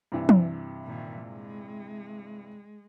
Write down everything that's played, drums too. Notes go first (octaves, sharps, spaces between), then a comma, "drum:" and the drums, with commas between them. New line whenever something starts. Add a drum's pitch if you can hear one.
G2 C3 E3
drum: tom
A#2 D#3
G#3